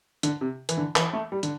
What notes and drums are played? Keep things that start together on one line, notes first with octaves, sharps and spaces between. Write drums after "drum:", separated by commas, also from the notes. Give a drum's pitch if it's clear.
D3, drum: hi-hat
C3
E3, drum: hi-hat
D3
E3, drum: clap
A3
G3
D3, drum: hi-hat